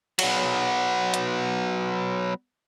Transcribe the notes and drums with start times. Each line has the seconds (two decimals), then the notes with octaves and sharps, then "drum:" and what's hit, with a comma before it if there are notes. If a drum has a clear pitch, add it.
0.19 F#3 B3, drum: cymbal
1.14 drum: hi-hat